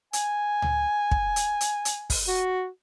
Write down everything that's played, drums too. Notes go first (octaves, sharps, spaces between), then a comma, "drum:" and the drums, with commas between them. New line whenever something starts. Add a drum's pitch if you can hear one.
G#5, drum: hi-hat
drum: tom C#2
drum: kick
drum: hi-hat
drum: hi-hat
drum: hi-hat
drum: kick, open hi-hat
F#4